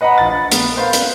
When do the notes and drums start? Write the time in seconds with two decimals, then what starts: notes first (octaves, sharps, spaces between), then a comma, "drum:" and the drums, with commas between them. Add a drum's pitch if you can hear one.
0.01 B4 D#5 F#5 A#5 B5
0.18 A#1 A6
0.52 B3 A#4, drum: hi-hat
0.76 B4 C5 F5
0.93 drum: hi-hat